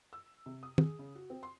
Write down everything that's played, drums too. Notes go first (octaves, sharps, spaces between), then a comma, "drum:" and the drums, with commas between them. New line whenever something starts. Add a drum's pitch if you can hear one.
E6
C3
D#6
G#4, drum: tom
C#3
F#4
C4
C6